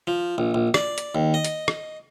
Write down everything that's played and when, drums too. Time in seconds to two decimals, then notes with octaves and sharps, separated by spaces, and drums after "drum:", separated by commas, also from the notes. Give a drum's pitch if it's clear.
0.07 F3
0.38 A#1
0.54 A#1
0.74 D5, drum: rim click
0.98 drum: hi-hat
1.15 D#2
1.34 D#5
1.44 drum: hi-hat
1.68 drum: rim click